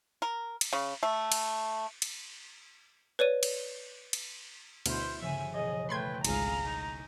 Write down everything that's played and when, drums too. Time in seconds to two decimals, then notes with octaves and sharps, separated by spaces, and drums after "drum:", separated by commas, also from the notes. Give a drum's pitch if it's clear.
0.22 A#4
0.61 drum: cymbal
0.73 C#3
1.03 A3
1.32 drum: cymbal
2.02 drum: cymbal
3.19 B4 C#5 D5 D#7
3.43 drum: cymbal
4.13 drum: cymbal
4.86 D2 B2 E4 C5 E5 F6, drum: cymbal
5.21 G1 C#3 F3 E5 G#5
5.54 E1 G#4 C#5 D#5
5.89 A3 B4 G5 B5 C6 G#6
6.25 G#1 C#2 G#4 F5 A#5, drum: cymbal
6.64 D#4 G#5 C#6 G6